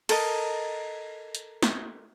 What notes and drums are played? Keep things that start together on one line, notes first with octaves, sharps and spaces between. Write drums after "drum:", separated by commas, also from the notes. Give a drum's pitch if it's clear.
A4 A#4 D#5, drum: cymbal
drum: hi-hat
drum: snare